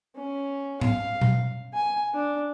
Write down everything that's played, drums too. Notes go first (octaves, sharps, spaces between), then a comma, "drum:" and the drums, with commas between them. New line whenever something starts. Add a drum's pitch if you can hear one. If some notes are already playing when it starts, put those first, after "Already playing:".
C#4
F5, drum: tom G#2
drum: tom B2
G#5
D4